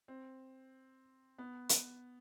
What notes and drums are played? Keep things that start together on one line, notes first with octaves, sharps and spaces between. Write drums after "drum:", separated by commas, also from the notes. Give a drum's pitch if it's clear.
C4
B3
drum: hi-hat